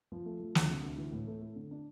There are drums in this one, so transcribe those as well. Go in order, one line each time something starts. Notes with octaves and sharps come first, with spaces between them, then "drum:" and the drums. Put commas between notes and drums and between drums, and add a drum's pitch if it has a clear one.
F3
A3
F3
D2, drum: snare
C3
D2
E3
A2
A3
A3
D3
D4